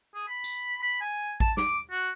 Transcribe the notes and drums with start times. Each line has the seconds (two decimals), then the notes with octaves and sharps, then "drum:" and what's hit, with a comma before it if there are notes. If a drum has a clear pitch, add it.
0.14 G#4
0.28 B5
0.44 drum: tambourine
0.82 B5
1.01 G#5
1.40 A5, drum: kick A1
1.57 D6, drum: snare
1.91 F#4